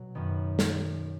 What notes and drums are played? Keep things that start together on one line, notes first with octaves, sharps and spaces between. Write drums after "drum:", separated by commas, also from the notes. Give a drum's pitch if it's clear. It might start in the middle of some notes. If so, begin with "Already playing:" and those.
Already playing: B2 F#3
F#2 D#3 B3
drum: snare